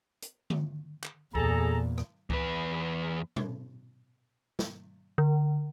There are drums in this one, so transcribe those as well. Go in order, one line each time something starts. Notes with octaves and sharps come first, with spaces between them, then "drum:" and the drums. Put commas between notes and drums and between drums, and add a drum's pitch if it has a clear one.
drum: hi-hat
drum: tom D3
drum: clap
E2 A#2 G#4 A4 A#5, drum: kick C#2
drum: rim click
E2 B4, drum: kick C#2
drum: tom
drum: snare
D3